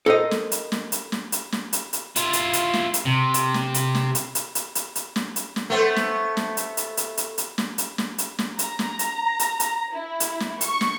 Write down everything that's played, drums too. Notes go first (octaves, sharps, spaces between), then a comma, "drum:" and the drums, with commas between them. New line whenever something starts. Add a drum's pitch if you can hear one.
A4 A#4 C5 D#5
drum: snare
drum: hi-hat
drum: snare
drum: hi-hat
drum: snare
drum: hi-hat
drum: snare
drum: hi-hat
drum: hi-hat
E4 F4, drum: hi-hat
drum: hi-hat
drum: hi-hat
drum: snare
drum: hi-hat
C3
drum: hi-hat
drum: snare
drum: hi-hat
drum: snare
drum: hi-hat
drum: hi-hat
drum: hi-hat
drum: hi-hat
drum: hi-hat
drum: snare
drum: hi-hat
drum: snare
A3 B3 C5
drum: snare
drum: snare
drum: hi-hat
drum: hi-hat
drum: hi-hat
drum: hi-hat
drum: hi-hat
drum: snare
drum: hi-hat
drum: snare
drum: hi-hat
drum: snare
A#5, drum: hi-hat
drum: snare
drum: hi-hat
drum: hi-hat
drum: hi-hat
E4
drum: hi-hat
drum: snare
C#6, drum: hi-hat
drum: snare